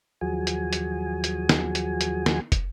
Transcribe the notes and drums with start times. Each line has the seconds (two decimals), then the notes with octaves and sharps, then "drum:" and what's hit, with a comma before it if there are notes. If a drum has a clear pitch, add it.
0.21 D#2 F3 F#3 F#4 G#4 G#5
0.47 drum: hi-hat
0.73 drum: hi-hat
1.24 drum: hi-hat
1.49 drum: snare
1.75 drum: hi-hat
2.01 drum: hi-hat
2.26 drum: snare
2.52 drum: kick, hi-hat